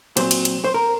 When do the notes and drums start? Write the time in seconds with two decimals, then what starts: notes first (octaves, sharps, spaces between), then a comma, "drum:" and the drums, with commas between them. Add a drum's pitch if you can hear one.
0.17 A#2 F#3 C4 C5, drum: cymbal
0.31 drum: cymbal
0.45 drum: cymbal
0.64 C5
0.74 A#4